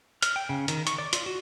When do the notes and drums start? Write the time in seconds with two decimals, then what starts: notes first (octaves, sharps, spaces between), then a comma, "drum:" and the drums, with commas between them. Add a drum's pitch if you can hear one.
0.22 F6, drum: hi-hat
0.36 G5
0.49 C#3
0.68 D#3, drum: hi-hat
0.87 C#6, drum: hi-hat
0.98 D5
1.13 F4, drum: hi-hat
1.26 F#4